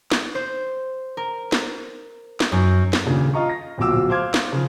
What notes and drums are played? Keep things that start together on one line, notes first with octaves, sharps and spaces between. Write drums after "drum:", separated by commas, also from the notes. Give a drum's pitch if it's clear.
drum: snare
C5
A#4
drum: snare
drum: snare
F#2
drum: snare
D#1 A#2 C#3 D4
F4 D#5 A#5 C#6
A#6
D1 A#1 B2 F4 D6 E6
C5 F5 C6 D6 F6 G#6
drum: snare
C#3 F3